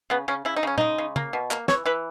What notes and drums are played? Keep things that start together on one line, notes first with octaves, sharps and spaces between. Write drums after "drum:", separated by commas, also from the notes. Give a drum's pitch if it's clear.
C#3 B3
C#3 C#4
C#3 E4
D#4
C#3 C#4
G#3 D#4, drum: tom
C#3
A#3, drum: tom
B2
A#3, drum: clap
E3 C#5, drum: snare
E3 B4